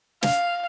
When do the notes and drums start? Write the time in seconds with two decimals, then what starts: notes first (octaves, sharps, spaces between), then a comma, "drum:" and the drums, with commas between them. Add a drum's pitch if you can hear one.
0.23 F5, drum: snare